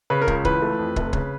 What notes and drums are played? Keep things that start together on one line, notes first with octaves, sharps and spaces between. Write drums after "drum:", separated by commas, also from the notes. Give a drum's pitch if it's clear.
C#3 B4
A#4
C#2, drum: kick
E3 B4, drum: kick
A3
F2
F1, drum: kick
C#3, drum: kick